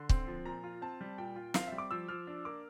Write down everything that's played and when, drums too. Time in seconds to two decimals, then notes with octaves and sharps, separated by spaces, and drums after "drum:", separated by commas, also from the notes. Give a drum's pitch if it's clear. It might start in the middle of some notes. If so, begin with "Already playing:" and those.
Already playing: D3 C6
0.09 C4, drum: kick
0.28 F3
0.45 A#2 A#5
0.64 F4
0.82 C4 A5
1.01 G3
1.18 A#2 G5
1.36 F4
1.54 C4 F5, drum: snare
1.67 E5
1.72 G3
1.78 D6
1.91 F3 E6
2.08 F3 F6
2.27 D4
2.45 A#3 D6